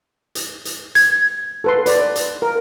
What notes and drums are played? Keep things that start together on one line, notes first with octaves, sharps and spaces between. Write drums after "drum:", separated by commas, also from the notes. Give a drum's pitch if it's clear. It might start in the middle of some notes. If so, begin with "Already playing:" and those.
drum: hi-hat
drum: hi-hat
G#6, drum: hi-hat
A4 B4 C6
B4 D5, drum: hi-hat
drum: hi-hat
A#4